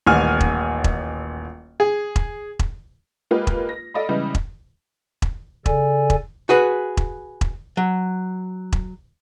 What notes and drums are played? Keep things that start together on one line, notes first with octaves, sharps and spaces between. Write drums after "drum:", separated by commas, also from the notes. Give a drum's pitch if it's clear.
D#1 A1 G#5 F6
drum: kick E1
drum: kick E1
G#4
drum: kick E1
drum: kick E1
G#3 A#3 F4 G4 B4
drum: kick E1
A#6
A4 D5 D#5 F5 B5
C#3 E3 G3 G#3 B3
drum: kick E1
drum: kick E1
C#3 A4 D5 G#5, drum: kick E1
drum: kick E1
F#4 G#4 B4
drum: kick E1
drum: kick E1
F#3
drum: kick E1